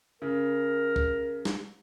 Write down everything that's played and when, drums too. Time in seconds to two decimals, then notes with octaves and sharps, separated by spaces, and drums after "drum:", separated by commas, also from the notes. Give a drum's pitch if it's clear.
0.22 C#3 A#4
0.96 drum: kick
1.45 drum: snare